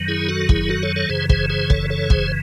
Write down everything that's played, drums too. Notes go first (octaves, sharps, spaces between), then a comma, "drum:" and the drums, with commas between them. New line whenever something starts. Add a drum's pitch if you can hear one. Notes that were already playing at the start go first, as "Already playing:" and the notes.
Already playing: F#2 D#3 F#3
E4 G#4
F#4 A4
E4 G#4, drum: kick
F#4 A4
A4 C#5
A4 C#5
F#2 C#3 E3 G#4 C5
G#4 C5, drum: kick
G#4 C5
A4 C#5, drum: kick
A4 C#5
G#4 C5, drum: kick